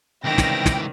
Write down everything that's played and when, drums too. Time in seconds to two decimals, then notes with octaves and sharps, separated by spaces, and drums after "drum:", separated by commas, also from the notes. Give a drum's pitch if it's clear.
0.24 C#2 C3 D#3 E3 G3 G5 A#6
0.38 drum: snare
0.66 drum: snare